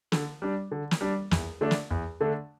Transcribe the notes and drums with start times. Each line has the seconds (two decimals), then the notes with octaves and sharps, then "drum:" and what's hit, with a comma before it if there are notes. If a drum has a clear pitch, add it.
0.12 D3, drum: snare
0.42 G3 D4
0.71 D3
0.91 drum: snare
1.01 G3 D4
1.31 E2, drum: snare
1.61 D3 A3 D4
1.71 drum: snare
1.91 E2
2.21 D3 A3 D4